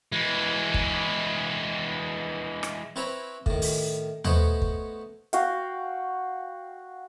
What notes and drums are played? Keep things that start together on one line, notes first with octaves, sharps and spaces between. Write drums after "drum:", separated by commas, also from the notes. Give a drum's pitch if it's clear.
E3 G#3
drum: kick
drum: rim click
C4 E4 B4 C#5 A#5
A2 D#3, drum: kick
drum: open hi-hat
A3 B3 C5 C#5 D#5 F#5, drum: tom D#2
drum: kick
F#4 F5 G5, drum: hi-hat